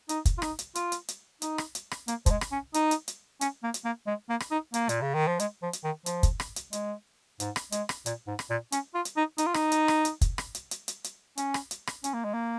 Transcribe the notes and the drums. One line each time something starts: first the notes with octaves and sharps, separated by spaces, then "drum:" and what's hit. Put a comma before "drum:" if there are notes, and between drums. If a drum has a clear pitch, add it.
D#4, drum: hi-hat
drum: kick, hi-hat
F4
D#4, drum: rim click
drum: hi-hat
F4, drum: hi-hat
drum: hi-hat
drum: hi-hat
D#4, drum: hi-hat
drum: rim click
drum: hi-hat
drum: rim click
A#3, drum: hi-hat
F3, drum: kick, hi-hat
G#3
drum: rim click
C#4
D#4, drum: hi-hat
drum: hi-hat
drum: hi-hat
C#4, drum: hi-hat
A#3
drum: hi-hat
A#3
G#3
A#3
drum: rim click
D#4
A#3, drum: hi-hat
A#2, drum: hi-hat
C#3
D#3
F3
G#3, drum: hi-hat
F3
drum: hi-hat
D#3
F3, drum: hi-hat
drum: kick, hi-hat
drum: rim click
drum: hi-hat
G#3, drum: hi-hat
G#2, drum: hi-hat
drum: rim click
G#3, drum: hi-hat
drum: rim click
A#2, drum: hi-hat
G#2
drum: rim click
A#2
C#4, drum: hi-hat
F4
drum: hi-hat
D#4
D#4, drum: hi-hat
F4
D#4, drum: rim click
drum: hi-hat
drum: rim click
drum: hi-hat
drum: kick, hi-hat
drum: rim click
drum: hi-hat
drum: hi-hat
drum: hi-hat
drum: hi-hat
C#4, drum: hi-hat
drum: rim click
drum: hi-hat
drum: rim click
C#4, drum: hi-hat
A#3
G#3
A#3